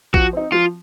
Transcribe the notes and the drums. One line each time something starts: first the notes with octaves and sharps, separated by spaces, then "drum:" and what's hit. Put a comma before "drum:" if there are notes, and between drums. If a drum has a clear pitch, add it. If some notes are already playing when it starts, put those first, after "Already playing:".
F3 F#4, drum: kick
C4 D#4
F3 F4